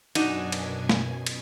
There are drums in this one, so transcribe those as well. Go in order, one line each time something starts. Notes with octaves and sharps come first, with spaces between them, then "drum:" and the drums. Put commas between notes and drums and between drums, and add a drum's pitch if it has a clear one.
F#2 B2 D4 D#4 F#4 G#5, drum: cymbal
drum: cymbal
drum: snare
drum: cymbal